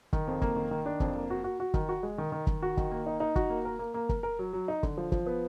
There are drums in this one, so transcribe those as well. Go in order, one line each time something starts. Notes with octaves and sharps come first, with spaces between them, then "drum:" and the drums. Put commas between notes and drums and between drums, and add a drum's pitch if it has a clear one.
D#3, drum: kick
F2
A#3, drum: kick
D#3
D#3
D4
F2, drum: kick
A#3
F#4
F#4
F#4
D#3, drum: kick
F#4
G#3
D#3
D#3
D#3, drum: kick
F#4
D#3, drum: kick
A#3
D#4
D#4
F#4, drum: kick
A#3
A#4
A#3
A#3
A#4, drum: kick
A#4
F#3
F#3
D#4
D3, drum: kick
F3
F3, drum: kick
B3